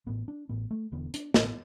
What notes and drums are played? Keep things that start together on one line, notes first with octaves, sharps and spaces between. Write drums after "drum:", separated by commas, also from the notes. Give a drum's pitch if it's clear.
A1 A2 B3
D4
A1 A2 B3
A3
E1 E2 D3 B3
D4, drum: hi-hat
A1 A2 D4, drum: snare
B3